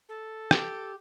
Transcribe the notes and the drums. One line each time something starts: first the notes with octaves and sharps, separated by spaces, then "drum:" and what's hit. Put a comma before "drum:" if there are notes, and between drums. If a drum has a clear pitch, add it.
A4
G4, drum: rim click